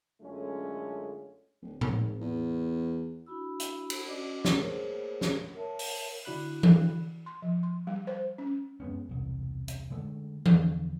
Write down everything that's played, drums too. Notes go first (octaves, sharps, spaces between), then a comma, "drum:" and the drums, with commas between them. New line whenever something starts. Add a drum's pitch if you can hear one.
F#2 D3 G#3 A3 C#4 F4
D1
G#1, drum: tom A2
E2
D4 E4 F#4 B5 E6
drum: hi-hat
drum: cymbal
C#4 F#4 D5 D#5 D6
drum: snare
A3 A#3 G#4 A#4 C5 C#5
drum: snare
A#4 C#5 E5 A5
drum: open hi-hat
D3 E4 F#4 D5 B5 F#6
drum: tom E3
C6
F3
C6
G3
C5
C#4
F#2 G#3 B3 C#4
E1 C2
drum: hi-hat
D3 G#3 A3
E2 D3 F3, drum: tom E3